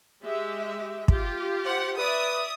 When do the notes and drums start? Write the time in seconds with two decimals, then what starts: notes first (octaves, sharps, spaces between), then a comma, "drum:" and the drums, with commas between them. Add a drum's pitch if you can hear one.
0.23 G#3 G4 E5
1.08 F4 G4, drum: kick
1.65 C5 F#5
1.98 B4 D5 E5 D#6